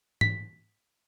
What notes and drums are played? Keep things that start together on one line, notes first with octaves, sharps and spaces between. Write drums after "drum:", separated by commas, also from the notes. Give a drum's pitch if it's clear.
B6, drum: tom G#2